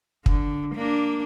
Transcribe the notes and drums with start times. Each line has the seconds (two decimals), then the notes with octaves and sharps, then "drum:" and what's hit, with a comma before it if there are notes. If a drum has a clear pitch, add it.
0.26 D3, drum: kick
0.75 A#3 D4